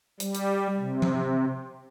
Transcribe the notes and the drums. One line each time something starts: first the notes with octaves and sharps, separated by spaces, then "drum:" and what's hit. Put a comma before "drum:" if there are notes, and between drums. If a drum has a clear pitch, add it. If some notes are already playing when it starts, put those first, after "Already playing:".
G3, drum: hi-hat
drum: hi-hat
C3
drum: tom F3